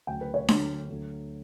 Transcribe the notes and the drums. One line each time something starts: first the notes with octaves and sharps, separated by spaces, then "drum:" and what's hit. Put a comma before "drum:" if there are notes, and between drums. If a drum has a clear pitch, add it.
D2 C#3 F#3 G5
B4
C#5
D2 D3 F#3, drum: snare D4
D2 D3 F#3